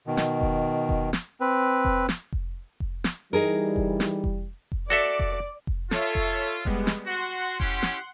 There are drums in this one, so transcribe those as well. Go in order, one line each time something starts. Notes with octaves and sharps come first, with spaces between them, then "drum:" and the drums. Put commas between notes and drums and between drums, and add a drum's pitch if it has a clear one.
B2 D#3
drum: snare
drum: kick F1
drum: kick F1
drum: snare
C4 B4
drum: kick F1
drum: snare
drum: kick F1
drum: kick F1
drum: snare
E3 G3 D#4 G#4 A#4
drum: kick F1
drum: snare
drum: kick F1
drum: kick F1
F#4 A4 D5 E5
drum: kick F1
drum: kick F1
F4 A4 C#5 E5, drum: snare
drum: kick F1
G3 G#3 B3, drum: kick F1
drum: snare
F#4 F#5 C6
C#4 E4 G4, drum: kick F1
drum: snare